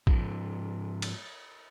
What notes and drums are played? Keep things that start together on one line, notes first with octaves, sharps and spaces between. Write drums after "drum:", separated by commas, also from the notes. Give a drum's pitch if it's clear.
G#2 F3, drum: kick A#1
drum: cymbal